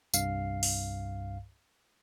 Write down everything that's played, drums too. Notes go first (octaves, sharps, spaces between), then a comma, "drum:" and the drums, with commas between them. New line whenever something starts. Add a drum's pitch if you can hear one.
C2 G2 F5 C7, drum: tambourine
drum: open hi-hat